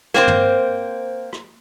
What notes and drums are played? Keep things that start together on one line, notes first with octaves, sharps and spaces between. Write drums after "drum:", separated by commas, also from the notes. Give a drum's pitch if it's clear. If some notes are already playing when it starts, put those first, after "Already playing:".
A#3 C4 C5, drum: snare
drum: tom
drum: rim click